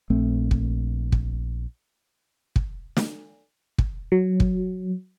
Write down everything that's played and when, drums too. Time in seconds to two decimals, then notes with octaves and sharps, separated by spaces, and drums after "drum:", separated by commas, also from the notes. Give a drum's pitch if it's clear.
0.10 A#1 A3 C4
0.51 drum: kick
1.12 drum: kick
2.56 drum: kick
2.97 drum: snare
3.78 drum: kick
4.12 F#3
4.40 drum: kick